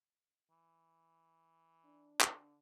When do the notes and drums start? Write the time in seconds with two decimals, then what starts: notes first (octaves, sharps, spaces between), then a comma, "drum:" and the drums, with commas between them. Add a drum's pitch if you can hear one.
0.51 E3
1.85 D4
2.21 D3, drum: clap